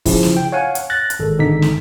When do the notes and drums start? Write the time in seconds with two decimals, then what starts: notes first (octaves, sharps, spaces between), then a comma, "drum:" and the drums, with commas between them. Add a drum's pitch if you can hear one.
0.06 C#3 F3 E4, drum: kick, open hi-hat
0.23 drum: snare
0.37 G5
0.52 C#5 F5 F#5 G#5
0.75 drum: hi-hat
0.90 F#6 A6 A#6
1.10 drum: hi-hat
1.20 G#1 A4
1.38 G#1 D3 D#4 B6
1.62 drum: snare